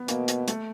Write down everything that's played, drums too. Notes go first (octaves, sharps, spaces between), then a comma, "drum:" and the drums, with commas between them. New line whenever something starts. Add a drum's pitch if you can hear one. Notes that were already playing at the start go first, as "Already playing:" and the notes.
Already playing: B3
B2 A#3, drum: hi-hat
drum: hi-hat
A3, drum: hi-hat